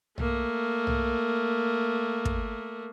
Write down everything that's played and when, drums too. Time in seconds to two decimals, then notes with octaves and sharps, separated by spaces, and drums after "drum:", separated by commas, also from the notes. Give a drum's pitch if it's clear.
0.18 A3 A#3, drum: tom
0.87 drum: tom
2.25 drum: kick